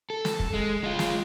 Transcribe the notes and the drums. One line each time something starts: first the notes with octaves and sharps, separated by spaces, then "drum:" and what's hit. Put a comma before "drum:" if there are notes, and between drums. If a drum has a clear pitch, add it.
A4
drum: snare
drum: kick
G#3
G#3 F4
drum: snare